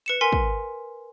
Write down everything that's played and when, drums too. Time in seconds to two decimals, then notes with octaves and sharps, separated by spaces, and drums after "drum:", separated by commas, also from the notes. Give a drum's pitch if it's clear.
0.06 B4 C#7 E7
0.21 A#4 G#5 C6 B6
0.32 drum: kick